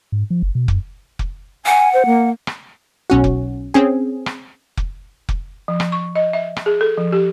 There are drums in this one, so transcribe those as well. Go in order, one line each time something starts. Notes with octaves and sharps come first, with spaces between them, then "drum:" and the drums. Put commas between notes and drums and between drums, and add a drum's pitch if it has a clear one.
G#2
F3
F#1
B2
F#2, drum: kick F1
drum: kick F1
F#5 G#5
C5
A#3
drum: rim click
B1 C#4 F#4
drum: kick F1
C4 C#4 G#4
drum: rim click
drum: kick F1
drum: kick F1
F3
drum: rim click
C#6
D#5
E5
drum: rim click
G#4
A4
F3
G4